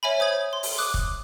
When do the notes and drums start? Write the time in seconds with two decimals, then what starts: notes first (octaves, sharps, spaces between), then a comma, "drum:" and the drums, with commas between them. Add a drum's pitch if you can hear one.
0.03 C#5 E5 G#5 B5
0.20 C5 D#6 G#6
0.53 C6
0.63 drum: open hi-hat
0.78 D6 D#6 F#6
0.94 drum: kick